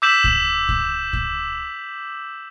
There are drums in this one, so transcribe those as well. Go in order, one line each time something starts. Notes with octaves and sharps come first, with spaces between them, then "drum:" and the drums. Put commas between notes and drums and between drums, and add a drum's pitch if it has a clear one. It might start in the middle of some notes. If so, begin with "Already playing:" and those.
D6 E6 G6 B6 E7 F#7
drum: kick C#2
drum: kick C#2
drum: kick C#2